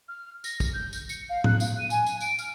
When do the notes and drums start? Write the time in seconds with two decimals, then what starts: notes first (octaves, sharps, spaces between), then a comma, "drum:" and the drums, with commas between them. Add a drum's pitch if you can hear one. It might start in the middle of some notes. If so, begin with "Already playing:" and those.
0.08 F6
0.44 A#6, drum: tambourine
0.60 drum: kick, tambourine
0.73 G6
0.93 drum: tambourine
1.09 C#7, drum: tambourine
1.29 F5
1.44 F#6, drum: tom A2
1.60 F5, drum: tambourine
1.78 D#7
1.90 G#5, drum: tambourine
2.06 drum: tambourine
2.20 D7, drum: tambourine
2.39 F6, drum: tambourine